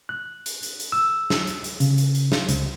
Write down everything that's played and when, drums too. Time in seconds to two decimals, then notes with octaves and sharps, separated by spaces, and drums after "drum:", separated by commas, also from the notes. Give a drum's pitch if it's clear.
0.09 F#6
0.46 drum: hi-hat
0.63 drum: hi-hat
0.80 drum: hi-hat
0.92 E6
1.30 drum: snare
1.47 drum: hi-hat
1.64 drum: hi-hat
1.80 C#3, drum: hi-hat
1.98 drum: hi-hat
2.15 drum: hi-hat
2.32 drum: snare
2.49 C#2, drum: hi-hat